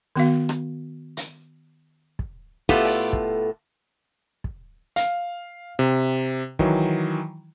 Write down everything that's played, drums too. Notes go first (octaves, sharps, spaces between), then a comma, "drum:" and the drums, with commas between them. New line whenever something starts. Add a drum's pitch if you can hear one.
D#3 B3 F#4 F5
drum: rim click
drum: hi-hat
drum: kick
A2 A3 B3 F4 G4 A4, drum: kick
drum: open hi-hat
drum: kick
drum: kick
F5, drum: hi-hat
C3
D#3 E3 F#3, drum: kick